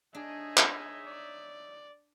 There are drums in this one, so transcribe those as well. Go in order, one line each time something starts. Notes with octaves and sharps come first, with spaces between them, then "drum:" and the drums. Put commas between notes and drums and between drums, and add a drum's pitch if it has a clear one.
D4 D#4 G#4 C#5 D#5 E5
drum: clap
D5